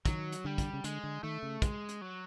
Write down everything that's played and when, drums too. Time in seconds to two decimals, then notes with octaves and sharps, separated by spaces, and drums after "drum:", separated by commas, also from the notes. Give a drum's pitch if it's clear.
0.05 D#3 F#3, drum: kick, hi-hat
0.32 drum: hi-hat
0.45 D3 G3
0.58 drum: kick, hi-hat
0.73 C#3
0.84 D3 G#3, drum: hi-hat
1.03 D3
1.23 D#3 A3
1.43 C#3
1.62 G#3, drum: kick, hi-hat
1.89 drum: hi-hat
2.01 F#3